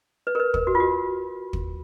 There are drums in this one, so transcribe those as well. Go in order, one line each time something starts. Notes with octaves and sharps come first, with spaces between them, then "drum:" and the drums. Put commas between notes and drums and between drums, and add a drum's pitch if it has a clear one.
B4
A#4
B4
A#4, drum: kick
F#4
F4
F#4
drum: kick